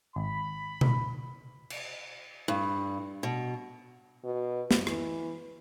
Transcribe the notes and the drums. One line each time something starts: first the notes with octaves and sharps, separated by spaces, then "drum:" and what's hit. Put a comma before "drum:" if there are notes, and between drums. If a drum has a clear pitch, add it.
G#1 B5
drum: tom B2
drum: cymbal
G2
B2
B2
drum: snare
E3, drum: rim click